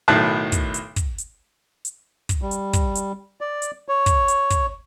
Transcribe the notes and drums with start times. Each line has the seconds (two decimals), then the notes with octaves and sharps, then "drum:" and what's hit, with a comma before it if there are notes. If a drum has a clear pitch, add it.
0.08 B1 A2 D#3 F#3 A5 F#6
0.52 drum: kick, hi-hat
0.74 drum: hi-hat
0.96 drum: kick, hi-hat
1.18 drum: hi-hat
1.85 drum: hi-hat
2.29 drum: kick, hi-hat
2.42 G3
2.51 drum: hi-hat
2.73 drum: kick, hi-hat
2.96 drum: hi-hat
3.41 D5
3.62 drum: hi-hat
3.89 C#5
4.06 drum: kick, hi-hat
4.28 drum: hi-hat
4.50 drum: kick, hi-hat